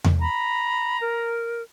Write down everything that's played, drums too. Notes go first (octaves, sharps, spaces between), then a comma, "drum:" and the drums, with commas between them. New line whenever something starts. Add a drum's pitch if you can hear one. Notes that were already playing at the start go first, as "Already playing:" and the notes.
drum: tom E2
A#5 B5
A#4